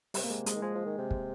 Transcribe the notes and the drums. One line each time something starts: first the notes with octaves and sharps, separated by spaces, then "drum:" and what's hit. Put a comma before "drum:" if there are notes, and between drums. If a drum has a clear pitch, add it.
C3 G3, drum: open hi-hat
A#3
G#3
G#3, drum: hi-hat
D#3
F3 G#3
F3
D#3
C3
drum: kick